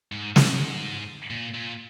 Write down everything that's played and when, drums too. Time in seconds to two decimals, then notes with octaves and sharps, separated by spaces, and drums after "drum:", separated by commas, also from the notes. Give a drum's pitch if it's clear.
0.12 G#2
0.36 G#2, drum: snare
1.30 A#2
1.54 A#2